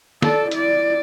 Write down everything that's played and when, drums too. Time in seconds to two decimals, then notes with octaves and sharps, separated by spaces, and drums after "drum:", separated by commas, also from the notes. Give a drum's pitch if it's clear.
0.22 A4 D5, drum: snare
0.52 E4 D5, drum: hi-hat